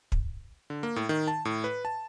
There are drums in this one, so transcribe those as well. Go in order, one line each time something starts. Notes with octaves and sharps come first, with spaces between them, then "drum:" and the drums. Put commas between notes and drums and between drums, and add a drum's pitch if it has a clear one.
drum: kick
D3
A#3
A2
D#3
A5
A2
B4
A5